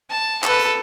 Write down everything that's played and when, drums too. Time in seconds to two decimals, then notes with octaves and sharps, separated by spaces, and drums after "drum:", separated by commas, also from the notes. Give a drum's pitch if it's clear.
0.10 A5
0.44 A4 B4, drum: clap
0.59 drum: hi-hat